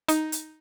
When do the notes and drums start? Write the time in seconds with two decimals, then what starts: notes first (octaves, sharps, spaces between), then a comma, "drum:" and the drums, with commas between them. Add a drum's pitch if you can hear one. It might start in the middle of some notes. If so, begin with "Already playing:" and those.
0.09 D#4, drum: hi-hat
0.32 drum: hi-hat